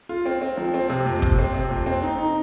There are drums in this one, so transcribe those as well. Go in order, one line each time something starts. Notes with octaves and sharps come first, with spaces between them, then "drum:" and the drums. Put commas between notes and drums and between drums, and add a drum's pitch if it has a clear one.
F4
C4
C4
F3
C4
C3
F2
C3, drum: kick
C4
C3
F2
C4
D#4
D#4